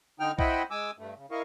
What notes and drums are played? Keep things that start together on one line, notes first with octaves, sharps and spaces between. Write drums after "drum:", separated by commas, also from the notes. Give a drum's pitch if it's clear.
D3 D#4 G5 F6
E4 C5 D#5 F#5 G5 B5, drum: kick A#1
G#3 G#5 D6 E6
G2 A3
C#3
E4 A#4 D#5 F5 C#6